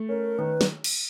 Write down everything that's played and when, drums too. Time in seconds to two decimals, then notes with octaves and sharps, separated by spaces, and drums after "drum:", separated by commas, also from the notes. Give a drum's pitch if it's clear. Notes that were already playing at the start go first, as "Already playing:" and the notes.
Already playing: A3
0.08 C#4 A#4
0.39 D#3 B4
0.61 drum: snare
0.84 drum: cymbal